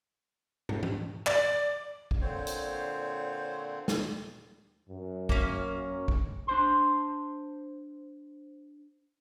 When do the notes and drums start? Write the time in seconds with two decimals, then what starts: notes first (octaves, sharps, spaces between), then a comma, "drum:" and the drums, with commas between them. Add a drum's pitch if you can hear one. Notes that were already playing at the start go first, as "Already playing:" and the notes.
0.69 drum: tom
0.83 drum: tom E3
1.26 D5, drum: clap
2.11 drum: kick
2.21 A#2 D3 C4 C5 C#5
2.47 drum: hi-hat
3.88 drum: snare
4.89 F#2
5.29 A#3 C#4, drum: kick
6.08 drum: kick
6.47 D4 C5 C6